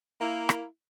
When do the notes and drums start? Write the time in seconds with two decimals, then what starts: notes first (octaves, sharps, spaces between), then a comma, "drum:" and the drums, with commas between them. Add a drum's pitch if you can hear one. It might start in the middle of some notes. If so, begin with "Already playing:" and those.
0.21 A#3 E4
0.49 drum: rim click